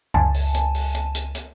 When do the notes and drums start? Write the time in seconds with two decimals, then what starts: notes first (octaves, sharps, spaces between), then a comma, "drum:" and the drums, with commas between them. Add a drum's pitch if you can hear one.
0.14 C#2 G#5 A5, drum: tom F#2
0.34 drum: open hi-hat
0.54 drum: hi-hat
0.74 drum: open hi-hat
0.95 drum: hi-hat
1.15 drum: hi-hat
1.35 drum: hi-hat